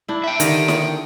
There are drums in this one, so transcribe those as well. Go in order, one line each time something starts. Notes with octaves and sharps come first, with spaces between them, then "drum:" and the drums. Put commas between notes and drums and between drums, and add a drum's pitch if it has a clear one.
D4 E4
E5 G5
D3 D#3 G4, drum: hi-hat
drum: snare